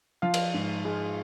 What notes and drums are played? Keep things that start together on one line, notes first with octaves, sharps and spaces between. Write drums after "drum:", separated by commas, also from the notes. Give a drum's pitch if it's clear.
F3 F4 F5
drum: cymbal
G#2
G#3